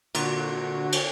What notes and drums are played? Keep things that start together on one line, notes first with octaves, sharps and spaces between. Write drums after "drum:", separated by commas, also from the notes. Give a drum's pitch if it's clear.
A#2 D3 F#4, drum: cymbal
drum: cymbal